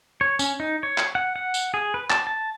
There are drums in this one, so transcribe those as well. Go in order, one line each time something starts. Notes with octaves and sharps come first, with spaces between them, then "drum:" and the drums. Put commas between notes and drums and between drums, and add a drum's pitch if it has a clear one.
C#5
C#4, drum: tambourine
D#4
C#5
drum: clap
F#5
F#5
drum: tambourine
G#4
B4
A5, drum: clap
A5